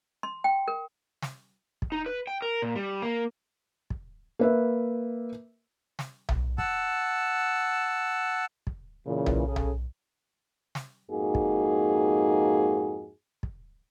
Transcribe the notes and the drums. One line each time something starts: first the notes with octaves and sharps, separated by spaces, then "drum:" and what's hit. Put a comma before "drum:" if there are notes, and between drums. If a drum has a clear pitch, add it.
C6
G5
A#4
drum: snare
drum: kick
D#4
B4
G5
A#4
A#2
G3
A#3
drum: kick
A#3 B4 E5
drum: snare
drum: tom B1
F#5 A5 E6, drum: kick
drum: kick
A#2 C#3 E3
drum: tom B1
C#3 G#4 A4
drum: tom B1
drum: snare
F2 G#2 A#3 D#4 F#4 G#4
drum: kick
drum: kick